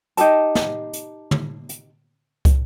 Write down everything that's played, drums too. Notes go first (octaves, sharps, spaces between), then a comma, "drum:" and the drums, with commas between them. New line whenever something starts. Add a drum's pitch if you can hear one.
D#4 G4 A4 A5, drum: hi-hat
drum: snare
drum: hi-hat
drum: tom
drum: hi-hat
drum: kick, hi-hat